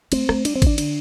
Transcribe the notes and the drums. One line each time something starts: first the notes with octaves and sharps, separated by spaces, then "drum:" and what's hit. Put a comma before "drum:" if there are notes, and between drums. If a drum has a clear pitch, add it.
A3 C4, drum: cymbal
A3, drum: rim click
G3 D4, drum: cymbal
C4
D#3 D4, drum: kick G#1, cymbal
D3 D4, drum: cymbal